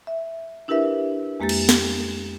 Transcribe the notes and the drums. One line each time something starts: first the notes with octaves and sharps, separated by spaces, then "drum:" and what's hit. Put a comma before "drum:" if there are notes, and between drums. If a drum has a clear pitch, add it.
E5
D4 E4 G4 A#4 B4 E5
F2 G#3 A#3 G4 A6
drum: cymbal
drum: snare